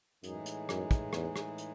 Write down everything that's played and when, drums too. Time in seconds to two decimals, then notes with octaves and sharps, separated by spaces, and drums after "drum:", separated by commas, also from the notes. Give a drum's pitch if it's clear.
0.23 F#2 A2 E3 G#3 D#4 G#4, drum: hi-hat
0.46 drum: hi-hat
0.69 F#2, drum: rim click
0.91 drum: kick, hi-hat
1.13 E2, drum: rim click
1.36 drum: rim click
1.58 drum: hi-hat